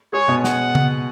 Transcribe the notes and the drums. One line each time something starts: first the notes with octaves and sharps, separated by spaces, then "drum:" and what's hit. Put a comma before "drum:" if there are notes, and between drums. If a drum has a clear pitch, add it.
G#3 G#4 C#5
B2 B3
F#5, drum: snare
drum: tom C#3